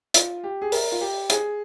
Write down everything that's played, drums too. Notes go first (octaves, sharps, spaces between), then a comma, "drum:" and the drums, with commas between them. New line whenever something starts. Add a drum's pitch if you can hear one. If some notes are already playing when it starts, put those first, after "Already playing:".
F4, drum: hi-hat
G4
G#4
A#4, drum: open hi-hat
F4
G4
G#4, drum: hi-hat